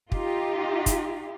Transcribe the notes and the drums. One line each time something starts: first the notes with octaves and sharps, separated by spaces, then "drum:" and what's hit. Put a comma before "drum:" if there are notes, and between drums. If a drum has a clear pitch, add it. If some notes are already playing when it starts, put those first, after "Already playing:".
D#4 F4 G4, drum: kick
drum: kick, hi-hat